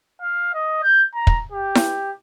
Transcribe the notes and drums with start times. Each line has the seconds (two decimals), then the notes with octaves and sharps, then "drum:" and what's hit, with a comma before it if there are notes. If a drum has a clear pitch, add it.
0.22 F5
0.54 D#5
0.83 G6
1.15 A#5
1.27 drum: kick
1.52 G4
1.75 drum: snare E4